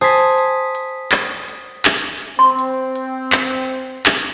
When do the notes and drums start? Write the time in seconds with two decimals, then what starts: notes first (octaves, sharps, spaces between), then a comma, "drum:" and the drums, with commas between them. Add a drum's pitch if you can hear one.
0.01 C5 G#5 A5 D#6 B6, drum: hi-hat
0.38 drum: hi-hat
0.75 drum: hi-hat
1.12 drum: clap
1.48 drum: hi-hat
1.85 drum: clap
2.22 drum: hi-hat
2.39 C4 C6
2.59 drum: hi-hat
2.96 drum: hi-hat
3.32 drum: clap
3.69 drum: hi-hat
4.06 drum: clap